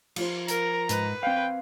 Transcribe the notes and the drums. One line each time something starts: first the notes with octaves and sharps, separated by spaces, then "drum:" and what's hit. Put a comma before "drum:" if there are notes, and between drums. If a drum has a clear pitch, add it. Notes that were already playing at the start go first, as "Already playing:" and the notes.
F3 F4 C5, drum: cymbal
A#4 A#5, drum: hi-hat
G#2 B4, drum: hi-hat
C4 F5 G5